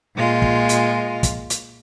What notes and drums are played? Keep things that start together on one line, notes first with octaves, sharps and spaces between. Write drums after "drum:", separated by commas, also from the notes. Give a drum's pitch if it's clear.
A#2 G#3 F4
drum: kick
drum: hi-hat
drum: kick, hi-hat
drum: hi-hat